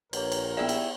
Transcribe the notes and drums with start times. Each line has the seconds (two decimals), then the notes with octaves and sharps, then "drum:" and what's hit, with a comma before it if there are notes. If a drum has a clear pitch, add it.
0.13 A#1 A#4 B4 C#5 A#5, drum: cymbal
0.32 drum: cymbal
0.57 B3 E4 G#4 D5 E5 G5
0.69 drum: cymbal